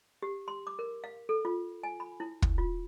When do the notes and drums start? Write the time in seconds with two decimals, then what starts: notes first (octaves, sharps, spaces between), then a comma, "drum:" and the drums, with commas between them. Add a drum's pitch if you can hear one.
0.22 G4
0.48 C6
0.67 D6
0.79 A#4
1.04 F5
1.29 A4
1.45 F4
1.83 G#5
2.00 B5
2.20 E4
2.42 drum: kick
2.58 F4